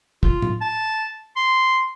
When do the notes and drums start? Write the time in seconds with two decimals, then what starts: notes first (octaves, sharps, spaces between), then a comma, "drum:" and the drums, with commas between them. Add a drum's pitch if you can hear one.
0.23 F4, drum: kick
0.42 drum: tom A2
0.61 A5
1.36 C6